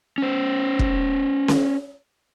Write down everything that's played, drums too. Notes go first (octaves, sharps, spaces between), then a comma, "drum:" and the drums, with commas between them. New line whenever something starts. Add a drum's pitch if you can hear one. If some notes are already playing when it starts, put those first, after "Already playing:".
C#4 C5
drum: kick
drum: snare C#4